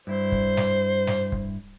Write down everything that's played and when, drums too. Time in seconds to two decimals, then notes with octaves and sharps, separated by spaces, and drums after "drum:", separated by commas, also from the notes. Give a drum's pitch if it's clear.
0.07 G2 E4 C5
0.32 drum: kick
0.57 drum: snare
1.07 drum: snare
1.32 drum: kick